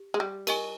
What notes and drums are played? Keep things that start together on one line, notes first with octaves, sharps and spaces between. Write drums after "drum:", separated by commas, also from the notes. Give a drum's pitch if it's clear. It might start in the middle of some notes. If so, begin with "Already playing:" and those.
Already playing: G4
G#3
G3
G4 A#4 D#5 G#5 C#6, drum: cymbal